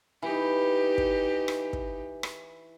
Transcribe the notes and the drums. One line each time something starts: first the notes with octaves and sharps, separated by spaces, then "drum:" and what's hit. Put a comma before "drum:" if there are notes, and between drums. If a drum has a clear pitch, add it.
E3 D#4 G4
drum: kick
drum: rim click
drum: kick
drum: rim click